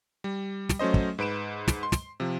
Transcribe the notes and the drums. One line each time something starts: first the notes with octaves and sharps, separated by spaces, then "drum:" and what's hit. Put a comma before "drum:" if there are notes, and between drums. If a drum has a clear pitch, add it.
G3
drum: snare
F#3 A3 C#4 C5 D#5
drum: kick
G#2 B4 D7 E7
drum: snare
C6
drum: snare
C3 F3